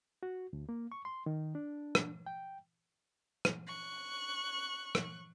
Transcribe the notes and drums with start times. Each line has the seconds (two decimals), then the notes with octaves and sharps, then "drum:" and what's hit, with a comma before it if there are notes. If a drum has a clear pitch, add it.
0.23 F#4
0.53 D2
0.69 A#3
0.92 C#6
1.05 C6
1.26 D#3
1.55 D4
1.95 drum: rim click
2.26 G5
3.45 drum: rim click
3.67 C#6 F#6
4.95 drum: rim click